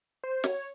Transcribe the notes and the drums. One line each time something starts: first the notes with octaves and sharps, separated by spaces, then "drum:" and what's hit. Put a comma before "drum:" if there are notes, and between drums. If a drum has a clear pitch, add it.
C5
C#5, drum: snare